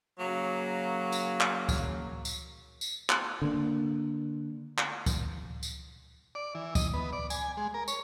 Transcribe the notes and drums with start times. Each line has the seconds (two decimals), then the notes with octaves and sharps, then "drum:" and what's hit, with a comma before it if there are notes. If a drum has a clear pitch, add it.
0.20 C#3 F#3 A#3
1.12 drum: tambourine
1.41 drum: clap
1.69 drum: kick C#2, tambourine
2.25 drum: tambourine
2.81 drum: tambourine
3.09 drum: clap
3.42 D3 A#3
4.78 drum: clap
5.06 drum: kick C#2, tambourine
5.63 drum: tambourine
6.35 D5
6.55 E3
6.75 D#5, drum: kick C#2, tambourine
6.94 B3
7.13 D5
7.30 G#5, drum: tambourine
7.57 G#3
7.74 A#4
7.88 C#5, drum: tambourine